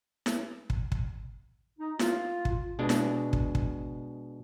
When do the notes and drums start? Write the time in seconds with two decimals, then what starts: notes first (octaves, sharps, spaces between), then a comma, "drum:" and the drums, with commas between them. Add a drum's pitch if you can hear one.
0.26 drum: snare E4
0.70 drum: kick
0.92 drum: kick
1.79 D#4
1.99 F4, drum: snare E4
2.45 drum: kick
2.79 B2 G#3 D4
2.89 drum: snare E4
3.33 drum: kick
3.55 drum: kick